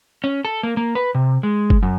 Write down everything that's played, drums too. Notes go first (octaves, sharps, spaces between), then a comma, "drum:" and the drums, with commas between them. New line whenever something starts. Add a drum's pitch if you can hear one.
C#4
A4
A#3
A#3
B4
C3
G#3
drum: kick F#1
F#2